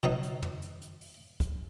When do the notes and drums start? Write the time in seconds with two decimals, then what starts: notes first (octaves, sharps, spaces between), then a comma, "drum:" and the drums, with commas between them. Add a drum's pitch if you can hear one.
0.03 B2 F#3 D#4, drum: tom
0.23 drum: hi-hat
0.42 drum: tom
0.62 drum: hi-hat
0.81 drum: hi-hat
1.01 drum: open hi-hat
1.40 drum: kick, hi-hat